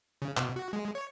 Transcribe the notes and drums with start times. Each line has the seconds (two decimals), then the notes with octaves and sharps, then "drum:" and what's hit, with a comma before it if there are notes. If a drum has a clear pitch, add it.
0.22 C#3
0.37 B2, drum: clap
0.56 F#4
0.73 G#3
0.95 C#5